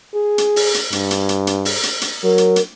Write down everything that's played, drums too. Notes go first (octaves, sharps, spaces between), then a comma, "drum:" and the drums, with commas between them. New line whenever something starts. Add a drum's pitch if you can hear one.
G#4
drum: hi-hat
drum: open hi-hat
drum: hi-hat
G2, drum: hi-hat
drum: hi-hat
drum: hi-hat
drum: hi-hat
drum: open hi-hat
drum: hi-hat
drum: hi-hat
F#3 A#4
drum: hi-hat
drum: hi-hat